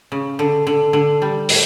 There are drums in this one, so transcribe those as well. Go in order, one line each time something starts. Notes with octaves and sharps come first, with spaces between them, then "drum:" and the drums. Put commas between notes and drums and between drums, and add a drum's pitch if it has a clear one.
C#3
D3
D3
D3
G3
A2, drum: open hi-hat